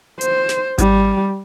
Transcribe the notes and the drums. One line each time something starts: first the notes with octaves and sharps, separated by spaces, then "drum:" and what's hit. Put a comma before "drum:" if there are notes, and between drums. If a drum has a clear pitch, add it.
C5, drum: hi-hat
drum: snare
G3, drum: kick G#1, hi-hat